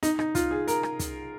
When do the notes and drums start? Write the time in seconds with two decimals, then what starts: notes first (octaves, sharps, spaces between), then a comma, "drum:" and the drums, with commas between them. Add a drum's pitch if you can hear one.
0.03 D#4, drum: hi-hat
0.19 D#4, drum: rim click
0.35 F4, drum: kick, hi-hat
0.51 G#4
0.68 A#4, drum: hi-hat
0.83 drum: rim click
0.99 drum: kick, hi-hat